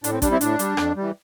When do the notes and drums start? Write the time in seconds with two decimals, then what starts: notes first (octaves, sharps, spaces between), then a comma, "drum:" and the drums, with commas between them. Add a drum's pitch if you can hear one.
0.04 A2 D4, drum: hi-hat
0.13 C4
0.22 G3 D4, drum: kick A1, hi-hat
0.31 C4 E4
0.41 A2 D4, drum: hi-hat
0.59 G3, drum: hi-hat
0.77 F2, drum: rim click
0.96 E3 G3